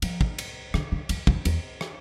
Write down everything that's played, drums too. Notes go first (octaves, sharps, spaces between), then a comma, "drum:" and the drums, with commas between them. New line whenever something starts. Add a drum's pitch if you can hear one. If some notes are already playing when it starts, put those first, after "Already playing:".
F3, drum: cymbal
drum: kick
drum: cymbal
D3, drum: rim click
D3
F2, drum: cymbal
F2, drum: kick
E2, drum: cymbal
drum: rim click